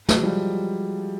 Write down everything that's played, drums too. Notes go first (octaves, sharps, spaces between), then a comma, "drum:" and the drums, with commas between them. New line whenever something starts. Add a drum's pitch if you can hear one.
F#3 G#3, drum: snare
F3 G3